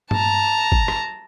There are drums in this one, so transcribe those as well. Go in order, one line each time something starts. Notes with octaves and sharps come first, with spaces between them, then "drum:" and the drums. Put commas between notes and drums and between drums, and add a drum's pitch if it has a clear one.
A5 A#5, drum: tom G2
drum: kick
drum: rim click